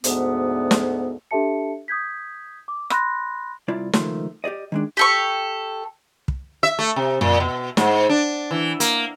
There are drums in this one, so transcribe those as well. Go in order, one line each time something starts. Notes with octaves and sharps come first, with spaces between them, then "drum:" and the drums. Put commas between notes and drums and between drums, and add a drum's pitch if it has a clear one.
D2 G#2 B3, drum: hi-hat
drum: snare
D4 G4 A4 E5 A5 C#7
D#6 G6 G#6 B6
D6
B5 C6 F#6 A#6, drum: rim click
C2 E4 F4 D5
C#2 D#3 F3 A3 C6, drum: snare
G4 G#4 D5 D#5
D#3 G#3 D4
G4 A4 C#6
drum: kick
E5
A3
C3
A#2, drum: tom F2
B2
G#2, drum: snare
D4
E3
A#3, drum: hi-hat